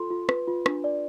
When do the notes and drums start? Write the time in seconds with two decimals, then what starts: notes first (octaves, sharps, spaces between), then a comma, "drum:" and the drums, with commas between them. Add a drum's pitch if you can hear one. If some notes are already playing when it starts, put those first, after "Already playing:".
Already playing: F4 A4 C6
0.10 F4
0.29 B4, drum: rim click
0.47 F4
0.66 D4, drum: rim click
0.84 D5